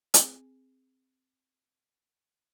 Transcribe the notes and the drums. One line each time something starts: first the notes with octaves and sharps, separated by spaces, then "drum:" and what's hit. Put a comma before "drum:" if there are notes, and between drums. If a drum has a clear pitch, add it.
C4 G#4, drum: hi-hat